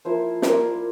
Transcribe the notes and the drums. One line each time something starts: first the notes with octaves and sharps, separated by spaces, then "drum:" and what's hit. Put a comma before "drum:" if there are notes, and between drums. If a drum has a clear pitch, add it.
F3 A#3 E4 C5 E5
F3 A#3 E4 A#4 D5, drum: snare